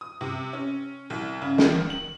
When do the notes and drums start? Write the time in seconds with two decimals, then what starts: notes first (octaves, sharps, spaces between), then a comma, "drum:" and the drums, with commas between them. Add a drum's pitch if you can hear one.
0.01 D#6
0.21 C3
0.53 C#4
1.10 C2
1.42 C#3
1.58 D#3, drum: snare
1.90 F#7